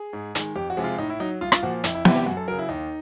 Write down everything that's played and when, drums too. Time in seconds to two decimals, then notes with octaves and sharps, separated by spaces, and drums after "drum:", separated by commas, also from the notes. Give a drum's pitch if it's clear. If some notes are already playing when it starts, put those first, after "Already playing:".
Already playing: G#4
0.13 G#2
0.35 D#3 G#3, drum: hi-hat
0.56 F2 G4
0.70 F#4
0.77 C3 F3 G#3
0.84 F4
0.98 A2 D#4
1.10 E4
1.20 F#3 D#4
1.41 C2 F4
1.52 F4, drum: rim click
1.62 A#2 F3 F#4
1.84 F2 E4, drum: hi-hat
1.95 E4
2.05 C3 E3 G3 E4, drum: snare B3
2.16 G4
2.26 F#2 F#4
2.37 A4
2.48 C#3 F#3 A#4
2.58 E4
2.69 D#2 D#4